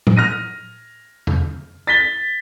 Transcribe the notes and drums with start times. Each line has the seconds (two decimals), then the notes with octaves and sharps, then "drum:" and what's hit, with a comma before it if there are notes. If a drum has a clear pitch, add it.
0.07 drum: tom A2
0.16 F6 A#6 D#7
1.27 drum: tom E2
1.87 A6 B6 G7